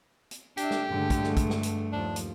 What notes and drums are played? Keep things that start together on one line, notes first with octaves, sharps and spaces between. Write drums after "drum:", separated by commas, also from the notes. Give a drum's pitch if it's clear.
drum: hi-hat
D4 G4 E5, drum: hi-hat
drum: snare
G2 D3 G#3 A3
drum: kick, hi-hat
drum: snare
drum: kick, hi-hat
drum: snare
drum: hi-hat
D#2 F3 D4
drum: hi-hat